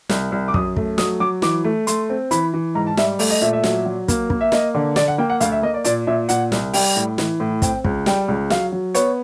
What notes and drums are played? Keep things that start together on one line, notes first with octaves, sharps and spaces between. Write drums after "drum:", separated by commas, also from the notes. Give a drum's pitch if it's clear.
C2, drum: snare
C2
D6
F#2 D#6, drum: kick
A3, drum: kick
F#3 D#6, drum: snare
F#3 D6
E3 D6, drum: snare
A3
A3 C6, drum: hi-hat
C4
E3 B5, drum: hi-hat
E3
G#2 A#5
A5
G3 E5, drum: snare
A3 D5, drum: open hi-hat
D#5
A#2 E5
E5
F#3, drum: snare
F#3
A#3, drum: kick, hi-hat
A#3, drum: kick
E5
A#3 D#5, drum: snare
D3
D3 D5, drum: snare
F#5
A#3 G5
F#5
D2 F5, drum: hi-hat
E5
A#3 D#5
D5
A#2 D5, drum: hi-hat
A#2 E5
A#2 F#5, drum: hi-hat
C2, drum: snare
G3 G5, drum: open hi-hat
A2
E3, drum: snare
A2
C4 G5, drum: kick, hi-hat
C#2, drum: kick
G3 G5, drum: snare
C#2
F#3 F5, drum: snare
F#3
B3 C#5, drum: hi-hat